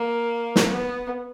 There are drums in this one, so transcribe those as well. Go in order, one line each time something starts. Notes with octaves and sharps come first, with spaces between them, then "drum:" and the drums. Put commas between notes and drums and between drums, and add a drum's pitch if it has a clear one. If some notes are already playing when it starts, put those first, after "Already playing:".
Already playing: A#3
drum: snare
B3